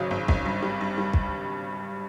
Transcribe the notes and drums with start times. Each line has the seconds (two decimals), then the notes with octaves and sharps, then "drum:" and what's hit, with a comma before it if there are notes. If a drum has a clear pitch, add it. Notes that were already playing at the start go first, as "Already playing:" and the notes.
Already playing: G#1 C#3 F#3
0.11 G#1
0.28 G#1, drum: kick
0.46 G2
0.63 G3
0.81 G2
0.98 G3
1.13 drum: kick